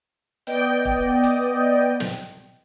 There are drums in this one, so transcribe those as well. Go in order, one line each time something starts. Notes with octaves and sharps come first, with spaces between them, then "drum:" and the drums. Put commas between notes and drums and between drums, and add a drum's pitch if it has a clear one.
B3 D5 D#5 G5, drum: hi-hat
drum: kick
drum: hi-hat
drum: snare